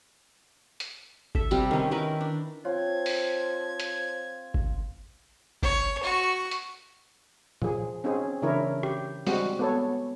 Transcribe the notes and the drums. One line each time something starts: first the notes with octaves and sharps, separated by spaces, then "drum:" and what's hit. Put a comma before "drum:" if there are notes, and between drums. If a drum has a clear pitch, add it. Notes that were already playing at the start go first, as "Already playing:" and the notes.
drum: hi-hat
A4 E5, drum: kick G1
C3 G3, drum: tambourine
D#3 C#4
D#3 E4 A#4 B4
D4
F3 C4 F4 C#5 G#6
drum: open hi-hat
drum: hi-hat
drum: kick G1
C#5, drum: kick G1
F#4 C#6
drum: hi-hat
F3 G#4, drum: tom A#2
C4 C#4 D#4 G#4
C#3 E3 D4 E4 A#4 C#5
G4, drum: rim click
G3 G#3 C4 F#4, drum: open hi-hat
B3 A4 C#5